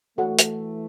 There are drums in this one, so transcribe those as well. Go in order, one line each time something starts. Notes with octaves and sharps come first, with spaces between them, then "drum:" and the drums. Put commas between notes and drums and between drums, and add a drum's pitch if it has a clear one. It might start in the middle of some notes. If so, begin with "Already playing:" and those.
E3 A3 F#4 A4 C#5 F#5
drum: hi-hat